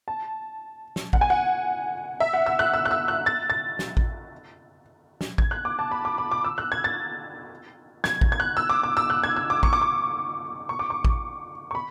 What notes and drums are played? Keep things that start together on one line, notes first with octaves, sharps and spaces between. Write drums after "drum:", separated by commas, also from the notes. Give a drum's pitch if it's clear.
A5
drum: snare
F#5, drum: kick A1
G#5
F#5
E5
F#5
E6
F#6
E6
F#6
E6
F#6
A6
A6
drum: snare
drum: kick A1
drum: snare
G#6, drum: kick A1
F#6
D6
A5
B5
D6
B5
D6
E6
F#6
G#6
A6
G#6, drum: snare
drum: kick A1
G#6
F#6
E6
D6
D6
E6
F#6
G#6
E6
D6
C#6, drum: kick A1
D6
C#6
C#6
D6
C#6
drum: kick A1
C#6
B5